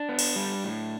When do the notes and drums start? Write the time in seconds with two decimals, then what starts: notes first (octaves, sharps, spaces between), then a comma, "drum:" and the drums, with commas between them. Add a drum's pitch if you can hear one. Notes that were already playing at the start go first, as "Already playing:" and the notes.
Already playing: D4
0.09 B3
0.19 drum: cymbal
0.36 G3
0.64 A2